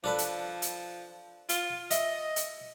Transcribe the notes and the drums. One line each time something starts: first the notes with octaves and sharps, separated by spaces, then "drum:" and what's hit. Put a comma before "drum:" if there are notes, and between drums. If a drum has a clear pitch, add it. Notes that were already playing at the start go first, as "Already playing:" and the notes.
F3 D4 A4 B4
drum: hi-hat
drum: hi-hat
F4, drum: hi-hat
D#5 E5, drum: hi-hat
drum: hi-hat